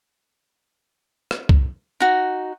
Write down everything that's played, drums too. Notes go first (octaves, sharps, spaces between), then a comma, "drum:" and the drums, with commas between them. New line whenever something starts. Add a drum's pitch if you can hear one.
drum: rim click
drum: kick C2
D#4 F#4